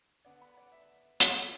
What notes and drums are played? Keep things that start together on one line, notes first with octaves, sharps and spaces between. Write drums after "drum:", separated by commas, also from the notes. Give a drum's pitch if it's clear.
D3 B3 D5 F#5
F#5 B5
D5 F#5
E5
D3 A3, drum: hi-hat